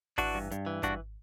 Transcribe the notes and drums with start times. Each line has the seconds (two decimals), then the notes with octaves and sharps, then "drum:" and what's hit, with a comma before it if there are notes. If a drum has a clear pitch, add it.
0.18 E3 D4 F#4, drum: kick G#1, open hi-hat
0.35 G2
0.51 G2, drum: hi-hat
0.66 E3
0.83 G2 D4 F#4, drum: kick G#1, hi-hat